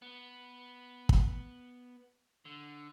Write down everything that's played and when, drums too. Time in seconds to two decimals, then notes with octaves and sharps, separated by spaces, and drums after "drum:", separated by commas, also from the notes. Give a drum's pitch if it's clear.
0.02 B3
1.09 drum: kick
2.45 D3